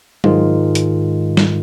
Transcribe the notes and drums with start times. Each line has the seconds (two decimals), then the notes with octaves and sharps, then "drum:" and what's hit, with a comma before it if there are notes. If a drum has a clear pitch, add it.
0.24 G#2 D#3 G#3 F4, drum: tom F#3
0.75 drum: hi-hat
1.37 drum: snare